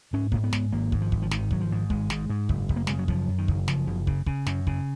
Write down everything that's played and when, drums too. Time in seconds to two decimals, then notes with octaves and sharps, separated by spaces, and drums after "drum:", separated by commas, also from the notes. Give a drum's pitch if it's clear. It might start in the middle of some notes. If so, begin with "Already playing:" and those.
0.13 G#2 C#4
0.32 G#2 A#3, drum: kick
0.44 B3
0.53 G#2, drum: snare
0.72 G#1 A#3
0.92 G#2, drum: kick
1.02 F3
1.12 G#1, drum: kick
1.22 F3
1.31 G#1 D#3, drum: snare
1.51 G#1 F#3, drum: kick
1.61 F3
1.72 G#2
1.90 G#1 G#3, drum: kick
2.10 G#2, drum: snare
2.29 G#2
2.49 F#1, drum: kick
2.69 F#1, drum: kick
2.76 A#3
2.87 C#3 G#3, drum: snare
2.99 F#3
3.08 F#2 F3, drum: kick
3.28 F#2
3.38 D#3
3.48 F#1, drum: kick
3.68 C#3 F3, drum: snare
3.87 F#1
4.07 C#3, drum: kick
4.27 C#3, drum: kick
4.46 F#2, drum: snare
4.67 C#3, drum: kick